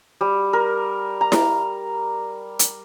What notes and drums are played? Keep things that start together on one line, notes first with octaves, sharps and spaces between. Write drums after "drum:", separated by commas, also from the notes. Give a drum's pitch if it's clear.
G3
A#4
A#5
drum: snare E4
drum: hi-hat